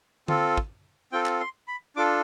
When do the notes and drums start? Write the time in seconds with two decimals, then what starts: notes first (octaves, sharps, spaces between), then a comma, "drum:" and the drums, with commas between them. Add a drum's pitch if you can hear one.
0.28 C4 F4 A4, drum: tom D3
0.57 drum: kick
1.12 C4 F4 A4 G5
1.26 drum: clap
1.40 C6
1.68 B5
1.96 D4 F4 A4 D6